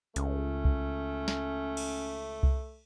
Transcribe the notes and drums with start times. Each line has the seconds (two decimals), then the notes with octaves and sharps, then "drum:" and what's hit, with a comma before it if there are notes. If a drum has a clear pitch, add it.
0.16 C#2 A3 C#4, drum: hi-hat
0.65 drum: kick C2
1.28 drum: snare
1.77 drum: cymbal
2.43 drum: kick C2